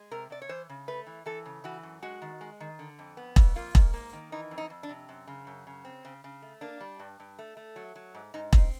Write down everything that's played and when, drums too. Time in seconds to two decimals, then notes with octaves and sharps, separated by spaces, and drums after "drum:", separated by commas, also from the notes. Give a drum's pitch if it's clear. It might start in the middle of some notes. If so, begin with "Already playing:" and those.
Already playing: G#3
0.11 C3 A#4
0.30 C3 D5
0.42 C#5
0.49 E3 C5
0.69 C#3
0.88 A3 B4
1.06 E3
1.26 E3 A4
1.46 C#3
1.64 E3 F#4
1.83 F#2
2.02 G#3 F#4
2.22 D#3
2.41 G#3
2.60 D#3
2.79 D3
2.99 F2
3.17 B3
3.36 F2, drum: kick E1
3.56 A#3 F4
3.75 G#2, drum: kick E1
3.94 A#3
4.13 D#3
4.32 E3 D#4
4.51 F2
4.58 D#4
4.70 F2
4.83 D4
4.89 C3
5.09 F#2
5.27 C#3
5.47 F#2
5.67 C#3
5.85 C4
6.05 C#3
6.24 C#3
6.42 A3
6.61 A#3 D4
6.81 G3
6.99 G2
7.20 G2
7.39 A3
7.57 A3
7.76 F#3
7.95 F#3
8.15 G#2
8.34 G#2 D#4
8.53 C4 D#4, drum: kick E1